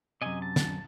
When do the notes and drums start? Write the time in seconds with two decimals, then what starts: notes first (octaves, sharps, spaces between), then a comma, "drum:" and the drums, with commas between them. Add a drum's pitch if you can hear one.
0.22 F#2 C3 D#5 G#5
0.42 A5
0.56 drum: snare